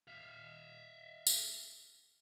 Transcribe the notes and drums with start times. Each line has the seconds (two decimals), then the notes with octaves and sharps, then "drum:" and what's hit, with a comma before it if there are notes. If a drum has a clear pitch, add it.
0.08 E5 F5
1.27 drum: tambourine